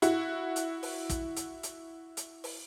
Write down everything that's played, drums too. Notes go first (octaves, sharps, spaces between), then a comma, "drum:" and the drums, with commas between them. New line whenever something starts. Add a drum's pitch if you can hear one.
E4 F#4, drum: hi-hat
drum: hi-hat
drum: open hi-hat
drum: kick, hi-hat
drum: hi-hat
drum: hi-hat
drum: hi-hat
drum: open hi-hat